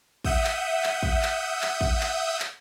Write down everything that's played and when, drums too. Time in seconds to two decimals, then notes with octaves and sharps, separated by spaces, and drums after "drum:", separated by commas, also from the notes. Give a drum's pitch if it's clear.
0.25 E5 F#5 D#6 E6 G6, drum: kick
0.44 drum: clap
0.83 drum: clap
1.03 drum: kick
1.22 drum: clap
1.61 drum: clap
1.81 drum: kick
2.00 drum: clap
2.39 drum: clap